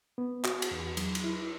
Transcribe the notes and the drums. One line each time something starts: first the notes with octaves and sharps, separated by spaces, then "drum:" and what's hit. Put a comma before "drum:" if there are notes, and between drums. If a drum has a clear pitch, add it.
B3
F#4, drum: clap
drum: cymbal
E2
F#3, drum: cymbal
drum: cymbal
E4